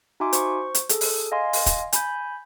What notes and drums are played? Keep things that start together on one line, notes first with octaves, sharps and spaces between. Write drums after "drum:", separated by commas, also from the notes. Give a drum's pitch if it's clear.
D#4 F#4 E5 G#5 C6 D6
C5 C#6, drum: hi-hat
drum: hi-hat
G#4 A4, drum: hi-hat
drum: open hi-hat
D#5 F5 G#5 C6
drum: open hi-hat
drum: kick, hi-hat
G#5 B5 G6, drum: hi-hat